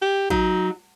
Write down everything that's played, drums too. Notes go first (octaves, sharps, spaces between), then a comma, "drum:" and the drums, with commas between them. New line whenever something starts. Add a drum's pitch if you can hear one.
G4
F#3 D#4, drum: kick